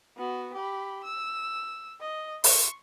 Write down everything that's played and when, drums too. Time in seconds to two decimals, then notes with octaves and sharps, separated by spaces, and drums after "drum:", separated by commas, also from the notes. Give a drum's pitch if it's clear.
0.17 B3 F#4
0.54 G4 B5
1.04 E6
2.01 D#5
2.44 C6 C#6, drum: open hi-hat